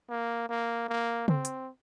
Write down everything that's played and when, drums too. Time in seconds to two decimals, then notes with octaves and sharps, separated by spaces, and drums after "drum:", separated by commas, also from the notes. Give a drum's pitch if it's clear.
0.09 A#3
0.49 A#3
0.88 A#3
1.28 C4, drum: tom C#3
1.45 drum: hi-hat